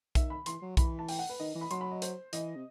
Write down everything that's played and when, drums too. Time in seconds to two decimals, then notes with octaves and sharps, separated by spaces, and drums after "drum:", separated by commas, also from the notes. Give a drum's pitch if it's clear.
0.15 D#3 E5, drum: kick B1, hi-hat
0.30 B5
0.46 E3 C6, drum: hi-hat
0.62 F#3
0.77 E3 B5, drum: kick B1, hi-hat
0.99 A5
1.08 G5, drum: open hi-hat
1.19 F#5
1.29 B4
1.40 D#3 D#5
1.55 E3
1.61 B5
1.71 F#3 C6, drum: hi-hat
1.81 B5
1.92 D#5
2.02 C5, drum: hi-hat
2.33 E3 D#5, drum: hi-hat
2.56 C3